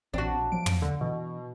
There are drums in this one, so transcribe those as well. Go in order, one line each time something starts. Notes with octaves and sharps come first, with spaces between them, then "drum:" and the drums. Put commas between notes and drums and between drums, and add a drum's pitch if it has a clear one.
A#1 E3 C4 D4 F#4
A#1
F3 F#3 A#3 D7
drum: tom
D3
B2 E3